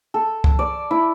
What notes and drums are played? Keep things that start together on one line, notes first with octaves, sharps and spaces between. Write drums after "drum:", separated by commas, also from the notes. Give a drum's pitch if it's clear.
A4
drum: kick C#2
D5
E4